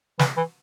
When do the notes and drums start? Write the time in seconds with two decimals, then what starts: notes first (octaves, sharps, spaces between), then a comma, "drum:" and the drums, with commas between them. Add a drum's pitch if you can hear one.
0.19 E3, drum: snare
0.37 E3